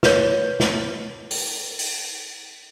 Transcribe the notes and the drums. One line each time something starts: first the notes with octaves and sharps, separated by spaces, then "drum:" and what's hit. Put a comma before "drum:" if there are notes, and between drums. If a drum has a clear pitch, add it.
B4 C#5, drum: snare
drum: snare
drum: open hi-hat
drum: open hi-hat